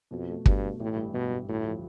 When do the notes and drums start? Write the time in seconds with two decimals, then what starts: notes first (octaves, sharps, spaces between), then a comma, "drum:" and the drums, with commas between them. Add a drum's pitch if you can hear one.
0.11 F2 B2
0.29 A3
0.46 G2 B2, drum: kick
0.63 A3
0.80 A1 A2
0.96 G2
1.14 G2 B2
1.31 A1
1.49 D2 A2
1.65 F3